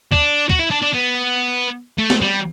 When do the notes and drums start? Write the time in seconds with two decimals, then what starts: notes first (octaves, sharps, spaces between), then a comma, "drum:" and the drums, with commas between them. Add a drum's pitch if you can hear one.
0.12 D4, drum: kick
0.50 F#4, drum: kick
0.59 E4
0.70 D4
0.82 D4
0.93 B3
1.98 A3
2.10 drum: snare
2.22 G3